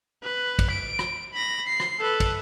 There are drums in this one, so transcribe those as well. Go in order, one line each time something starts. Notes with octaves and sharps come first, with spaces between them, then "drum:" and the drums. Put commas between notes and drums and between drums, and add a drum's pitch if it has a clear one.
B4
drum: kick, cymbal
D7
drum: rim click
B5 A#6
C7
drum: rim click
A4 B4
drum: kick, cymbal